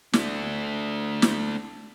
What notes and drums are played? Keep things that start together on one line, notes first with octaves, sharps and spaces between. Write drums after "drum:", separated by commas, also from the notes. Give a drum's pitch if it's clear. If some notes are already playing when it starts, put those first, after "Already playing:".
A3 D4, drum: snare
drum: snare